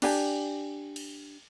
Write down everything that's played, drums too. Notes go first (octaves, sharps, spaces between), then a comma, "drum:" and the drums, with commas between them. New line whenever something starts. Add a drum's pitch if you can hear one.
D4 G4 G#5, drum: cymbal
drum: cymbal